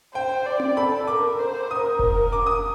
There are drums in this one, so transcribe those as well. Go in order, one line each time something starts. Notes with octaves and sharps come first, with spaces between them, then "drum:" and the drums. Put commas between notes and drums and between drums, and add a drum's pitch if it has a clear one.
C5 G5
D5
drum: tom C4
A4 B5
A#4 D6
C5
A#4 D#6
drum: kick F1
D6
D#6